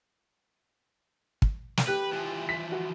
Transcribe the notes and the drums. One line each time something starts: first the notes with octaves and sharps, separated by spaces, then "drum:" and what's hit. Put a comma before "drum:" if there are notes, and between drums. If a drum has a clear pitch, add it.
drum: kick
drum: snare
G4 B4 F#6
E3 F3
B6
F#4